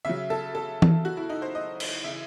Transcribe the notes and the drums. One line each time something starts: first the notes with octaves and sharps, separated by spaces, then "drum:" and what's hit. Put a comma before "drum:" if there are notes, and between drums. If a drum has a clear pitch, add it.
C#3 F#3 E5
A4
A4
drum: tom E3
F#4
E4
D#4
C5
D#5
drum: cymbal
C#3 E3 E5